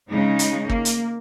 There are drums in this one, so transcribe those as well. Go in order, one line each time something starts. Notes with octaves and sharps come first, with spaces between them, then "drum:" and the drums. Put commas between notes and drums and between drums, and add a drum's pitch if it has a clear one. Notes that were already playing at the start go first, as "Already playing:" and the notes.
C#3 G#3 D#4
drum: hi-hat
A#3, drum: kick
drum: hi-hat